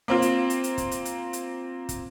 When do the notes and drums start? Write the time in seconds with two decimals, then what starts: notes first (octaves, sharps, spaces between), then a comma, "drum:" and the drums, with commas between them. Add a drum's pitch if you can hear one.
0.08 A#3 C4 F4
0.22 drum: hi-hat
0.50 drum: hi-hat
0.64 drum: hi-hat
0.78 drum: kick, hi-hat
0.91 drum: hi-hat
1.05 drum: hi-hat
1.33 drum: hi-hat
1.89 drum: kick, hi-hat